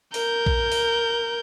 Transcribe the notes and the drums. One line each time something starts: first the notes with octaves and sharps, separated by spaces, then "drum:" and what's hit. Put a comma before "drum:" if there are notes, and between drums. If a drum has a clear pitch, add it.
A#4 G6, drum: open hi-hat
drum: kick A#1
drum: open hi-hat